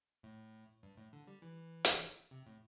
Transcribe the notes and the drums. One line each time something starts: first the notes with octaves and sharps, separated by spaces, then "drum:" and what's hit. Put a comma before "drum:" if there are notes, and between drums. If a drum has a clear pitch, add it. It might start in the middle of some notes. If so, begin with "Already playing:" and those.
A2
G2
A2
D3
G3
E3
drum: hi-hat
C3
A2